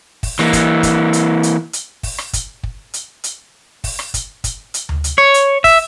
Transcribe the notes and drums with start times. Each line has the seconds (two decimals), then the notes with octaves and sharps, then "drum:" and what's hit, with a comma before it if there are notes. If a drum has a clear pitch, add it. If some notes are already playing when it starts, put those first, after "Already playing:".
0.23 drum: kick, open hi-hat
0.39 E3 A#3, drum: rim click
0.53 drum: kick, hi-hat
0.83 drum: kick, hi-hat
1.13 drum: hi-hat
1.43 drum: hi-hat
1.73 drum: hi-hat
2.03 drum: kick, open hi-hat
2.18 drum: rim click
2.33 drum: kick, hi-hat
2.63 drum: kick
2.94 drum: hi-hat
3.24 drum: hi-hat
3.84 drum: kick, open hi-hat
3.99 drum: rim click
4.14 drum: kick, hi-hat
4.44 drum: kick, hi-hat
4.74 drum: hi-hat
4.89 drum: tom D2
5.04 drum: hi-hat
5.18 C#5
5.34 drum: hi-hat
5.64 E5, drum: kick, open hi-hat